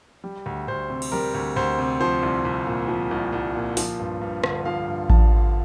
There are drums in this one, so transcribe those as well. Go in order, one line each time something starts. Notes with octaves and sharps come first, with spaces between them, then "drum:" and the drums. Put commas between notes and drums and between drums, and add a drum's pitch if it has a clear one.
G3
D2
D2 C5
C3
drum: cymbal
G3 A#4
D2
D2 C5
C3
F3 C5
C2
C2
A#2
F3
C2
C2
A#2
F3, drum: open hi-hat
G2
G2
D3, drum: rim click
F3 F5
G2
G2 A5, drum: kick A1
D3